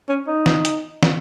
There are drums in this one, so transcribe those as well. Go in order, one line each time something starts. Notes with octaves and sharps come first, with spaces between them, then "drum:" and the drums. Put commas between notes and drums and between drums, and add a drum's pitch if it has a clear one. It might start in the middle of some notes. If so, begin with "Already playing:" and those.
C#4
D#4
drum: snare
drum: hi-hat
drum: snare